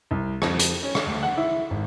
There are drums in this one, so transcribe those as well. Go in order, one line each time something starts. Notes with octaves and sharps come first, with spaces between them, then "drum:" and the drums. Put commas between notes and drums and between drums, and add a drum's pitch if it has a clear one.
C2
F2, drum: rim click
drum: hi-hat
C#4
drum: rim click
D2
F#5
E4
G#1